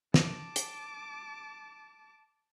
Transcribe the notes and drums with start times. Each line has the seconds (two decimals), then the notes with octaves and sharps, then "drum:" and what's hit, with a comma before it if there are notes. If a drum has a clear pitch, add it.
0.14 A5 D6, drum: snare
0.56 drum: hi-hat